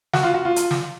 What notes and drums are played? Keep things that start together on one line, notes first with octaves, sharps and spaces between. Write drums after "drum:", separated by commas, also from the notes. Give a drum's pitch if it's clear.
F#4, drum: snare
F4
F#4
F4
drum: hi-hat
drum: snare